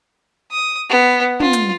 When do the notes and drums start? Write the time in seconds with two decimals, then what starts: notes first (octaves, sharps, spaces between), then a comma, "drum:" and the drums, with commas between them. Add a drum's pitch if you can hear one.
0.51 D#6
0.89 B3
1.40 F4, drum: tom
1.53 drum: hi-hat